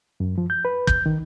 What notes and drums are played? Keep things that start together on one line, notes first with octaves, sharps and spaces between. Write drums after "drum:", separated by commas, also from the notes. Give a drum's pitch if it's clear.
F#2
F3
G6
B4
G6, drum: kick
D#3